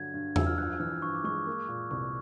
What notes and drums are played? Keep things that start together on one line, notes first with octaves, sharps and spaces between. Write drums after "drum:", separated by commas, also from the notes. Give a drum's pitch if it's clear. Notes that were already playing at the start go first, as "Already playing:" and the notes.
Already playing: G2 D3 F#3 G#6
G2
F3 E6, drum: tom E2
F6
G2 F#6
E3 F6
G2 C#6
D6
G#3 C#6
A#3
A#2
C2 C#6